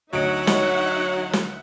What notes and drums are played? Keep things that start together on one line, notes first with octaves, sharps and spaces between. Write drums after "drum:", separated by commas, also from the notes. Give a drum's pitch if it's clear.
D2 F#3 D#4 C#5 D#5 E5 F#5 D7
drum: snare
drum: snare